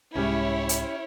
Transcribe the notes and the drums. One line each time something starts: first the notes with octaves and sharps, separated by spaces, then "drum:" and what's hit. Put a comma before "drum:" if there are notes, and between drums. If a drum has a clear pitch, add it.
C2 G#2 G#3 C#4 E4 G4 C#5
drum: hi-hat